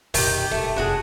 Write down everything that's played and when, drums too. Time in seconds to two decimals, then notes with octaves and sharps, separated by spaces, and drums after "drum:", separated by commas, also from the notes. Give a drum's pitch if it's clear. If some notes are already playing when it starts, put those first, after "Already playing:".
0.14 F2 A#2 D#3 G4, drum: open hi-hat
0.51 E1 A3 D#4
0.76 F1 C2 D4 F#4 G#4